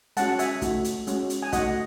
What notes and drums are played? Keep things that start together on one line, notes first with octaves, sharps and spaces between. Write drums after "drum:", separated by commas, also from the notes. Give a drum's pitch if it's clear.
G#3 C#4 F#4 F#5 A5, drum: hi-hat
E5 G#5, drum: hi-hat
A3 D#4 F#4, drum: kick, hi-hat
drum: hi-hat
G#3 C#4 F#4, drum: hi-hat
drum: hi-hat
G#5
A3 D#4 F#4 D#5 F#5, drum: kick, hi-hat